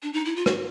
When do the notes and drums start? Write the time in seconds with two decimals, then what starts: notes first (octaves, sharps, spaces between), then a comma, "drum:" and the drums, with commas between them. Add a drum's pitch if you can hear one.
0.03 D4
0.13 D#4
0.25 E4
0.36 F4
0.46 F#4, drum: rim click